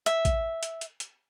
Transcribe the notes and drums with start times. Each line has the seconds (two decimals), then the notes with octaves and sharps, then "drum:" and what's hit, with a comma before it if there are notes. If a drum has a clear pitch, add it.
0.06 E5, drum: hi-hat
0.25 drum: kick, hi-hat
0.63 drum: hi-hat
0.81 drum: hi-hat
1.00 drum: hi-hat